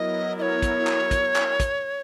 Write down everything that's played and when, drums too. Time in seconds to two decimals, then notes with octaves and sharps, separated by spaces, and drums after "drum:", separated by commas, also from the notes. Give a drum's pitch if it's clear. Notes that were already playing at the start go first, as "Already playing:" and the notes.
Already playing: F#3 B3 E4 A#4 D#5
0.39 D#5
0.42 C#5
0.62 drum: kick, hi-hat
0.87 drum: clap
1.11 drum: kick, hi-hat
1.35 drum: clap
1.60 drum: kick, hi-hat